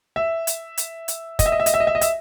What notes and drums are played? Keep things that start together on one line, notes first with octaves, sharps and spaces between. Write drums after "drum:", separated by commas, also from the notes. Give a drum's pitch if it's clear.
E5
drum: hi-hat
drum: hi-hat
drum: hi-hat
D#5, drum: kick, hi-hat
E5
D#5
E5
D#5, drum: hi-hat
E5
D#5
E5
D#5
E5, drum: hi-hat